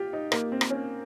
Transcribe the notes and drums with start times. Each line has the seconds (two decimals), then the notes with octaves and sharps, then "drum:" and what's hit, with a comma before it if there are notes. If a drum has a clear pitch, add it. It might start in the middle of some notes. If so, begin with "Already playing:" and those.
Already playing: F4 G4
0.13 D#4
0.32 A#3, drum: rim click
0.52 C4
0.61 drum: rim click
0.70 C#4